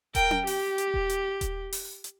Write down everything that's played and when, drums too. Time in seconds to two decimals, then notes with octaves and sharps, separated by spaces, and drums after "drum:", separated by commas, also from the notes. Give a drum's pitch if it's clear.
0.15 A#4 G5, drum: kick D#1, hi-hat
0.31 drum: tom C#4
0.47 G4, drum: open hi-hat
0.78 drum: hi-hat
0.94 drum: kick D#1
1.10 drum: hi-hat
1.41 drum: kick D#1, hi-hat
1.72 drum: open hi-hat
2.04 drum: hi-hat